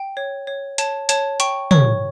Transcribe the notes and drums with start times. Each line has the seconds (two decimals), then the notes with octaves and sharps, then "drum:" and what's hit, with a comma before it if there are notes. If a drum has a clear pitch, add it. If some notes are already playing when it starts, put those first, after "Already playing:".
Already playing: G5
0.17 C#5
0.47 C#5
0.78 C#5 A5, drum: hi-hat
1.09 C#5 A5, drum: hi-hat
1.40 G5 C#6, drum: hi-hat
1.71 C#5 C#6, drum: tom